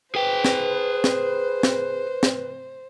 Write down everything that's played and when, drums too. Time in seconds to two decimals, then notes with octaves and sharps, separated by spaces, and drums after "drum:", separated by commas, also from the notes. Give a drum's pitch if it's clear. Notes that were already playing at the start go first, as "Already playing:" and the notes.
0.15 G#4 B4 C5 G5
0.45 drum: snare
1.04 drum: snare
1.63 drum: snare
2.23 drum: snare